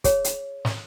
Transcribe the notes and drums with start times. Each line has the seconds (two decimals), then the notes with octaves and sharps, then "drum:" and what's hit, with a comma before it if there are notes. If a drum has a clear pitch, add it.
0.04 G#4 C#5, drum: kick, hi-hat
0.24 drum: hi-hat
0.65 drum: snare